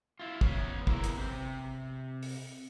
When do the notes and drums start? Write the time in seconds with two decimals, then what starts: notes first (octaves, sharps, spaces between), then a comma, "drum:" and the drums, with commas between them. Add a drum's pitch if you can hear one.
0.19 E4 F4
0.41 B3 C#4, drum: kick
0.87 B3 D4 E4 G#4 A#4 E5, drum: kick
1.04 drum: hi-hat
1.18 C3 C5
2.23 drum: open hi-hat